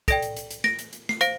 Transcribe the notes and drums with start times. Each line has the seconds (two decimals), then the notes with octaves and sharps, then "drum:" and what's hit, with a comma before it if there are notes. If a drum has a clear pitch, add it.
0.08 A4 D5 G5 A#6 D7, drum: kick, hi-hat
0.22 drum: hi-hat
0.36 drum: hi-hat
0.51 drum: hi-hat
0.64 A#6 D7, drum: snare
0.79 drum: hi-hat
0.93 drum: hi-hat
1.09 C7, drum: snare
1.21 C5 F5 A#6 D7, drum: hi-hat